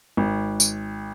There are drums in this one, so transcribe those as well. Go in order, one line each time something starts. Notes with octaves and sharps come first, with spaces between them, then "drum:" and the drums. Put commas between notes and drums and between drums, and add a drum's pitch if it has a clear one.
G#1
drum: tambourine